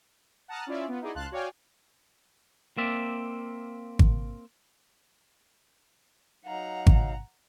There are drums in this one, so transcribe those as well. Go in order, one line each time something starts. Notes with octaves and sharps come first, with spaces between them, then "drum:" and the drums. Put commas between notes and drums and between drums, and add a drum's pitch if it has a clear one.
F#5 A5 A#5 D#6 F6 F#6
C#4 E4 F4 D5 E5
B3 F4
D#4 E4 F#4 G#4 D5 D#5
C#2 F5 A5 C6 F#6
F#4 C#5 D5 F5 G5 G#5
A#3 C4 D5 E5
drum: kick G#1
F#3 D#4 F5 F#5 A#5
drum: kick G#1